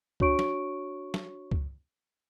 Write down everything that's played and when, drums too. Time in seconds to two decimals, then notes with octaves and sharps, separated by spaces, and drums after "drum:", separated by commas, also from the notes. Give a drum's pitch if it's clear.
0.20 D4 F#4 C#5 C#6 D7, drum: kick C#2
0.39 drum: snare
1.14 drum: snare
1.51 drum: kick C#2